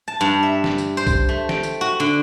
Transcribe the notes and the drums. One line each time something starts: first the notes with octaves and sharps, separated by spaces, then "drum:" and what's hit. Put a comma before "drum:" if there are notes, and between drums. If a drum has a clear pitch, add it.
A5
G2
E5
drum: snare
drum: tambourine
C5
drum: kick B1, tambourine
A3
G5, drum: snare
drum: tambourine
F#4
D3